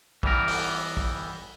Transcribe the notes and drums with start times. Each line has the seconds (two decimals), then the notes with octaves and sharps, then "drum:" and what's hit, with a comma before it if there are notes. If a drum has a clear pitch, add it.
0.23 E3 G3 B3 A#4, drum: kick
0.48 drum: open hi-hat
0.97 drum: kick